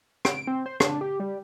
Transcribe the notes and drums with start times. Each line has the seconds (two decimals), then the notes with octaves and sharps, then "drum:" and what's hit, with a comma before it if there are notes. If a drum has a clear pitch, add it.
0.25 D7, drum: rim click
0.47 C4
0.66 C5
0.80 D4, drum: rim click
1.01 G4
1.20 G3